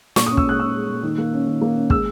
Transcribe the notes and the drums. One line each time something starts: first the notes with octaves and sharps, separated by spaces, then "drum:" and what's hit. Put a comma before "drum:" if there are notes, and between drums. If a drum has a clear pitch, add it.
A#2 C#6, drum: snare
C#4 D#6
E6, drum: kick
G#3 F#6
C#4 E6
G#3
A#2
D#3
A#3
C#4
D#3
A#3
C#4
G#3 E6, drum: kick